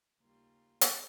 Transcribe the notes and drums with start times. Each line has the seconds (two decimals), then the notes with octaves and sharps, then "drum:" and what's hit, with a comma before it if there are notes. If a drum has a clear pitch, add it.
0.21 D#2 C#3 G3 A#3 F4
0.81 drum: hi-hat